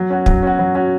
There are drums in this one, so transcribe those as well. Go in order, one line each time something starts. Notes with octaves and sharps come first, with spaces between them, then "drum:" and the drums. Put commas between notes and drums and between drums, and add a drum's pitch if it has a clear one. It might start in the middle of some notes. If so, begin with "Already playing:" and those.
Already playing: F#3
C#4 F#4
F#3, drum: kick
C#4 F#4
F#3
C#4 F#4